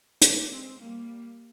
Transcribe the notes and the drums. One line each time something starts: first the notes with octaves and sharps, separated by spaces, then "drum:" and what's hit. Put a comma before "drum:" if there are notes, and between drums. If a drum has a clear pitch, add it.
A#3 D4, drum: hi-hat
G#3 C4
G3 A#3